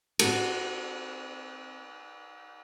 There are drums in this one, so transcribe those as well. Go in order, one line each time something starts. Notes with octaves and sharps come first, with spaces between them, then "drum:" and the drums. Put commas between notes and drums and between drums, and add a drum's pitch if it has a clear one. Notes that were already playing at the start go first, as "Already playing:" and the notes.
C4 F#4 A4, drum: cymbal